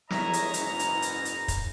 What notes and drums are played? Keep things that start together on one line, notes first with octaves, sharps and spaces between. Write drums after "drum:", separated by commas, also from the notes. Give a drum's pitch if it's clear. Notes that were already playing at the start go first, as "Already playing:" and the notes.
G1 E2 C#5 D#5 E5 A#5, drum: snare
drum: hi-hat
F#1 G#2 E3 B3 C#4 A#5, drum: hi-hat
drum: hi-hat
drum: hi-hat
drum: hi-hat
drum: kick, hi-hat